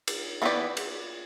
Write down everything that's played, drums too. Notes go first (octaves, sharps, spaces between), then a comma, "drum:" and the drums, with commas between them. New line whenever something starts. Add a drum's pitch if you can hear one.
drum: cymbal
E3 B3 E4 G4 D5
drum: cymbal